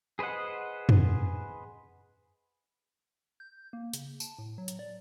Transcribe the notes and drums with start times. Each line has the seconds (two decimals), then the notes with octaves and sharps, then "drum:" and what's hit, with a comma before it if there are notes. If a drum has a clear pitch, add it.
0.19 G#4 B4 C5 D#5 F#5
0.89 drum: tom
3.40 G6
3.73 A#3
3.93 C#3, drum: hi-hat
4.20 A5, drum: tambourine
4.39 A2
4.58 F#3
4.68 drum: hi-hat
4.79 D5